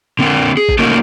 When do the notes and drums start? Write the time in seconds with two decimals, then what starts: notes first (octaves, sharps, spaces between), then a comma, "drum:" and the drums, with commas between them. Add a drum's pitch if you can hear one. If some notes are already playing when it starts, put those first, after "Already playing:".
0.19 D3 C4 A#4
0.57 G#4
0.69 drum: kick
0.79 A3 A#3 C#4 D#4 F#4 A#4